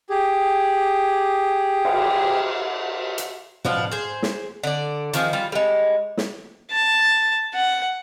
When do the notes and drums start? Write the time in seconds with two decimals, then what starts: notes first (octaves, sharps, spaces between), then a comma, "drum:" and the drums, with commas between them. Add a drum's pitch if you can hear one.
0.10 G4 G#4
1.85 drum: cymbal
3.18 drum: hi-hat
3.65 B2 F3 D4, drum: tom
3.92 G#4 C5
4.23 drum: snare
4.63 D3 D5
5.13 D#3 F3 G#4, drum: hi-hat
5.33 G3 F4
5.52 G3 G#3
6.17 drum: snare
6.71 A5
7.54 F#5